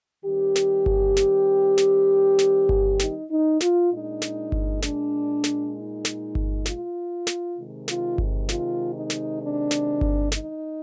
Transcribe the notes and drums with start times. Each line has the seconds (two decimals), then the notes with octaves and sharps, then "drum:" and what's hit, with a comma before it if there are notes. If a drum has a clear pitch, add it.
0.25 D#3 G3 C4 G4
0.56 drum: snare
0.86 drum: kick G1
1.17 drum: snare
1.78 drum: snare
2.39 drum: snare
2.69 drum: kick G1
2.99 D#4, drum: snare
3.30 D#4
3.61 F4, drum: snare
3.91 A#2 G#3 D4 D#4
4.22 drum: snare
4.52 drum: kick G1
4.82 D4, drum: snare
5.44 drum: snare
5.75 D#4
6.05 drum: snare
6.35 drum: kick G1
6.66 F4, drum: snare
7.27 drum: snare
7.57 C3 D#3 G#3
7.88 F4, drum: snare
8.18 drum: kick G1
8.49 F4, drum: snare
8.94 D#4
9.10 drum: snare
9.40 D4
9.71 drum: snare
10.01 drum: kick G1
10.32 D#4, drum: snare